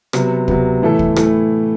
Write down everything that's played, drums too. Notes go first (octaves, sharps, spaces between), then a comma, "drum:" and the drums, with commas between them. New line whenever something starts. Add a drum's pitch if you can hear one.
C3 F#3 B3, drum: rim click
C3 F#3 B3, drum: kick
A2 E3 A3 E4 A4
drum: kick
A2 E3 A3 E4 A4, drum: rim click